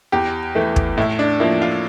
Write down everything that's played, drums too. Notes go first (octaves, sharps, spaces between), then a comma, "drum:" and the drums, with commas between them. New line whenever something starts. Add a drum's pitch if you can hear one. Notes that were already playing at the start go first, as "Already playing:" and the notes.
E2 G4
E3 A3
drum: kick
A2 E4
D4
F3 A#3 E4
F4